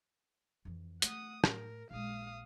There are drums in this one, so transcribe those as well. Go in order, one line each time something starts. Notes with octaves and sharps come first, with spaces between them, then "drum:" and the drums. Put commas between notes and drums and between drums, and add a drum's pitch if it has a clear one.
F2 E3
A3 F#5 D#6, drum: hi-hat
A2 A#4, drum: rim click
A#1 G#3 F5 D#6